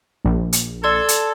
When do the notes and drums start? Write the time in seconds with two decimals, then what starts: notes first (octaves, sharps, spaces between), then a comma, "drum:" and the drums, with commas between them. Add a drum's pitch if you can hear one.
0.25 A#1
0.53 drum: hi-hat
0.84 A4 D5 C6 G#6
1.08 drum: hi-hat